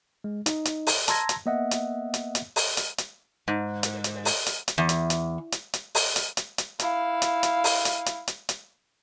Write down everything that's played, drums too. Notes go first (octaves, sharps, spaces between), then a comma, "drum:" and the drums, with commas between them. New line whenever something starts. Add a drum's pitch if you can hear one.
G#3
D#4 D#5, drum: hi-hat
drum: hi-hat
drum: open hi-hat
A5 A#5 C6 E6 G#6 A#6, drum: hi-hat
drum: hi-hat
A#3 B3 D#5 E5 F#5
drum: hi-hat
drum: hi-hat
drum: hi-hat
drum: open hi-hat
drum: hi-hat
drum: hi-hat
G#2
drum: hi-hat
drum: hi-hat
drum: open hi-hat
drum: hi-hat
drum: hi-hat
E2
drum: hi-hat
drum: hi-hat
drum: hi-hat
drum: hi-hat
drum: open hi-hat
drum: hi-hat
drum: hi-hat
drum: hi-hat
E4 F5, drum: hi-hat
drum: hi-hat
drum: hi-hat
drum: open hi-hat
drum: hi-hat
drum: hi-hat
drum: hi-hat
drum: hi-hat